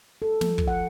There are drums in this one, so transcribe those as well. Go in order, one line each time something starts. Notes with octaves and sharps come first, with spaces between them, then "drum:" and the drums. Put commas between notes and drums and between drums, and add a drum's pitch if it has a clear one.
A4
F3, drum: snare
drum: kick
F#5